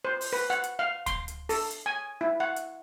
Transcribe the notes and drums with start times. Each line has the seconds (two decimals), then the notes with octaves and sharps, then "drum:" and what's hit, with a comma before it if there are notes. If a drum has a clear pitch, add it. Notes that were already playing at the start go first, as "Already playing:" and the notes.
0.05 C5
0.21 drum: open hi-hat
0.33 B4
0.50 F#5
0.64 drum: hi-hat
0.79 F5
1.06 C6, drum: kick D2, hi-hat
1.28 drum: hi-hat
1.49 A4, drum: open hi-hat
1.71 drum: hi-hat
1.86 G#5
2.21 E4
2.40 F#5
2.56 drum: hi-hat